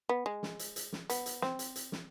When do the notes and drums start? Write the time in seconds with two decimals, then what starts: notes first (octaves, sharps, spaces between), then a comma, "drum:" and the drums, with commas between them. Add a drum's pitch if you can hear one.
0.09 B3
0.26 G#3
0.43 drum: snare
0.59 drum: hi-hat
0.76 drum: hi-hat
0.93 drum: snare
1.10 B3, drum: hi-hat
1.26 drum: hi-hat
1.42 C4, drum: snare
1.59 drum: hi-hat
1.76 drum: hi-hat
1.92 drum: snare